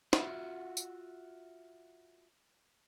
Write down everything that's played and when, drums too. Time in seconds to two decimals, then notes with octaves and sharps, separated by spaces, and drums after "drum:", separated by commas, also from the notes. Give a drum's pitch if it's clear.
0.13 F4 F#4 E5 F#5, drum: snare
0.77 drum: tambourine